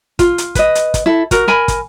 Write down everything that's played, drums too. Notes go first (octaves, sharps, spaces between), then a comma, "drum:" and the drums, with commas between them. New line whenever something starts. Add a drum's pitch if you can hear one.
F4, drum: kick, hi-hat
drum: hi-hat
B4 D#5, drum: kick, hi-hat
drum: hi-hat
drum: kick, hi-hat
E4 A4
F#4 A#4, drum: kick, hi-hat
A#4 G#5 B5
drum: kick, hi-hat